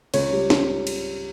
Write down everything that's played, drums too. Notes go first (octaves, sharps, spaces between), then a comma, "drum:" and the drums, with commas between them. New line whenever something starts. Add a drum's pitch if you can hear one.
C#2 C#5, drum: cymbal
G3
C#2, drum: snare
drum: cymbal